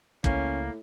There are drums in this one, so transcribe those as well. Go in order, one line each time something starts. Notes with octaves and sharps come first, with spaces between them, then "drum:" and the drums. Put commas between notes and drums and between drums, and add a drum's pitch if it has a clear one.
C#2 A2 A#3 C#4, drum: kick